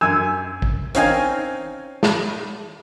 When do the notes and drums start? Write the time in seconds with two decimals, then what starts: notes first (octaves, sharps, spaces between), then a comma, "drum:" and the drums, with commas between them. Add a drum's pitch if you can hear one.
0.01 F#2 G#5 E6
0.62 drum: kick
0.94 C4 C#4 D#4 F5 G5 G#5, drum: hi-hat
2.03 drum: snare